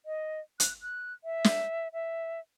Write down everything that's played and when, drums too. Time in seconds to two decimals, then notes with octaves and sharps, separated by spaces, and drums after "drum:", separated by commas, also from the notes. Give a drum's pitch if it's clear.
0.06 D#5
0.60 F#6, drum: hi-hat
0.82 F#6
1.24 E5
1.44 drum: snare
1.93 E5